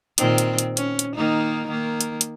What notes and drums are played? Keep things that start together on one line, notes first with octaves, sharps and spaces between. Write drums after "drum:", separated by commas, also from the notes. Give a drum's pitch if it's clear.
A#2 D#3 C4, drum: hi-hat
drum: hi-hat
drum: hi-hat
C#4, drum: hi-hat
drum: hi-hat
D#3 A#3 D#4
D#3 A#3
drum: hi-hat
drum: hi-hat